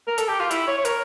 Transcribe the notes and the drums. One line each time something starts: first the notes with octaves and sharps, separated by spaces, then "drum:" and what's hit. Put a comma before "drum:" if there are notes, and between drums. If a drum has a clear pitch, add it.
A#4
A4, drum: hi-hat
G4
F4
E4, drum: hi-hat
C#5
C#5
A#4, drum: hi-hat